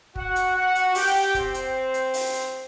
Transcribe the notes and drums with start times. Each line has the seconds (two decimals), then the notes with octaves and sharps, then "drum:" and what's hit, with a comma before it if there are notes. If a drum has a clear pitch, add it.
0.16 F#4 F#5, drum: kick
0.36 drum: hi-hat
0.56 F#4 F#5
0.75 drum: hi-hat
0.95 G4 G5, drum: open hi-hat
1.15 drum: hi-hat
1.34 C4 C5, drum: kick, hi-hat
1.54 drum: hi-hat
1.94 drum: hi-hat
2.14 drum: open hi-hat
2.33 drum: hi-hat